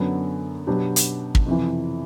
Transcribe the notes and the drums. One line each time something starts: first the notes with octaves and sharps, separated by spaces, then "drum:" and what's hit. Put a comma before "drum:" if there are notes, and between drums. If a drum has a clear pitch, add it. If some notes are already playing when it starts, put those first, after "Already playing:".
Already playing: F#2 D3 F#3 B3
B2 F#3 B3 D4 G4
drum: hi-hat
drum: kick
F2 C3 E3